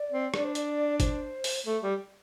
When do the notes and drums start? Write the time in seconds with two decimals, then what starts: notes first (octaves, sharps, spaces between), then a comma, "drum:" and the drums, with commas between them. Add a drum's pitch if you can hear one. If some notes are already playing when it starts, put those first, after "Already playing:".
Already playing: D5
0.12 C4
0.34 D4 D5, drum: rim click
0.44 C5
0.55 D5, drum: hi-hat
1.00 C5, drum: kick, hi-hat
1.44 drum: open hi-hat
1.66 A3
1.83 G3